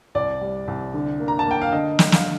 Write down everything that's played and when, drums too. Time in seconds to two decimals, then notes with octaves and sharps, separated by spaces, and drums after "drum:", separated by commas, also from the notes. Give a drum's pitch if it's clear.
0.15 C2 D5
0.41 G3
0.68 C2
0.94 D3
1.20 A#3
1.28 A#5
1.39 A5
1.46 A#3 G5
1.62 F5
1.72 D3 D#5
1.99 D3, drum: snare
2.12 F5, drum: snare